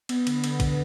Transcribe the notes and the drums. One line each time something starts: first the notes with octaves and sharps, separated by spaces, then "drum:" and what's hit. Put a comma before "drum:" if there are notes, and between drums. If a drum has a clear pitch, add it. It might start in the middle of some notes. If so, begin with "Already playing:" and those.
B3, drum: cymbal
D3, drum: cymbal
B3, drum: cymbal
D3, drum: kick, cymbal